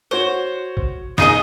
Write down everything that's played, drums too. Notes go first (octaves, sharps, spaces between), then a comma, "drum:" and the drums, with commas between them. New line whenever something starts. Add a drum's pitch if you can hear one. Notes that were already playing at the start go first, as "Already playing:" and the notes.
F#4 C5 C#5
drum: kick
B1 D#4 G#4 D#5 D#6, drum: snare